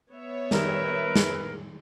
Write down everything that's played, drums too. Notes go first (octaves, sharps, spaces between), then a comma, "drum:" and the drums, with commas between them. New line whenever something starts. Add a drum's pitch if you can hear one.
B3 C#5 E5
D#3 G3 D#4 A#4 B4, drum: snare
drum: snare